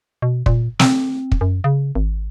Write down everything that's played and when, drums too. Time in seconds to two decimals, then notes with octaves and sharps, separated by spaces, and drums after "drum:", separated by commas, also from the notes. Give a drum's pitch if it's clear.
0.22 B2
0.46 A#2, drum: kick
0.79 C4, drum: snare
1.32 drum: kick
1.41 F#2
1.64 C#3
1.95 G#1